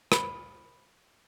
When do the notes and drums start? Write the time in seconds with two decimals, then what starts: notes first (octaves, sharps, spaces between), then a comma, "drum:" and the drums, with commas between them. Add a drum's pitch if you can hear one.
0.12 B5, drum: rim click